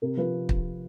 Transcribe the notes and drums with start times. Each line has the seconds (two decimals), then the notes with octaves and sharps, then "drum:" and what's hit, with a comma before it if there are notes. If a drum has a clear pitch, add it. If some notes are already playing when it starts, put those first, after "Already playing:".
0.02 C3 A#4
0.17 F3 B4
0.49 drum: kick